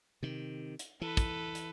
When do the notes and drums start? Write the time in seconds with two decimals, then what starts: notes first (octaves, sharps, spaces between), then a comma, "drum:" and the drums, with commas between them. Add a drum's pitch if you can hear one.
0.23 C3 D#3
0.79 drum: hi-hat
1.01 E3 A4 B4
1.17 drum: kick, hi-hat
1.55 drum: hi-hat